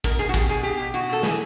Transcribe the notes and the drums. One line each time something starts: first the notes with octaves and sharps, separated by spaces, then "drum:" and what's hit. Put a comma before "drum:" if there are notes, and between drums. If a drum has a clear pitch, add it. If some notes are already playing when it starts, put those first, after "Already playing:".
B2 A#4, drum: kick
B2 G#4
F#4
B2 G4, drum: kick
B2 G#4
B2 G4
B2
B2 F#4
B2 A4
E3 G#4, drum: snare